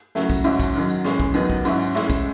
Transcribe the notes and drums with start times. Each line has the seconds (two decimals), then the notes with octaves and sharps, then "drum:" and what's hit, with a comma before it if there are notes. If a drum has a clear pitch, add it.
0.15 C#3 F#3 A3 E4, drum: snare
0.30 drum: kick, tambourine
0.44 G#2 F#3 C#4 E4, drum: tambourine
0.60 drum: kick, tambourine
0.75 F#2 D#3 F#3, drum: tambourine
0.90 drum: tambourine
1.04 A2 E3 G#3 C#4, drum: snare
1.20 drum: kick
1.34 D#2 D#3 F#3 B3, drum: tambourine
1.50 drum: kick
1.65 G#2 F#3 C#4 E4, drum: tambourine
1.80 drum: tambourine
1.95 A2 G#3 C#4 E4, drum: snare
2.10 drum: kick, tambourine